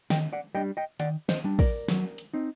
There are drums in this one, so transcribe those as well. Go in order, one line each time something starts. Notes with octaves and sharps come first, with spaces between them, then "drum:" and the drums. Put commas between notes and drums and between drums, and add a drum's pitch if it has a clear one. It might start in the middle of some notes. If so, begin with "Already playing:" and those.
D#3 D#5 G5, drum: snare
D5 F#5
G3 D4 D#5 G5
D#5 G5
D#3 D5 F#5, drum: hi-hat
C5 D#5, drum: snare
G3 D4
A#4 D5, drum: kick, open hi-hat
F#3, drum: snare
drum: hi-hat
C4 D#4